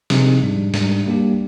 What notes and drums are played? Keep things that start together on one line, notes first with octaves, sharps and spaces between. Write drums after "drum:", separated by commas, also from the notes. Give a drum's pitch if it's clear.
C3 F3 C4 D#4 G#4, drum: snare
G#2 G3 D4
G#2 G3 D4, drum: snare
G3 A#3 D4 G4